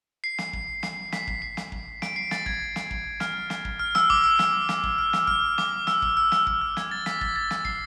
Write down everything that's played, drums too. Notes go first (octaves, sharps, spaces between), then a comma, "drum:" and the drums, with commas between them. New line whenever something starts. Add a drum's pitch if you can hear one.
C7
drum: snare
drum: kick
C7, drum: snare
B6, drum: snare
drum: kick
C7
drum: snare
drum: kick
D7, drum: snare
C7
A6, drum: snare
G#6, drum: kick
drum: snare
drum: kick
F6, drum: snare
drum: snare
drum: kick
F6
E6, drum: snare
D6, drum: kick
E6
drum: snare
drum: snare
drum: kick
F6
drum: snare
F6, drum: kick
D6, drum: snare
E6, drum: snare
drum: kick
E6
E6, drum: snare
E6, drum: kick
F6
G#6, drum: snare
A6
B6, drum: snare
A6, drum: kick
A6
drum: snare
C7, drum: kick